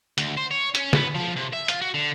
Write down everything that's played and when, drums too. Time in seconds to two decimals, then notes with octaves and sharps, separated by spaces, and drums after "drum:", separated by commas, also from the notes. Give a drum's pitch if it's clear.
0.18 D2, drum: hi-hat
0.38 C5
0.51 C#5
0.75 C#4, drum: hi-hat
0.93 B3, drum: snare
1.15 F3
1.36 C3
1.53 E5
1.68 F4, drum: hi-hat
1.81 F#4
1.94 D3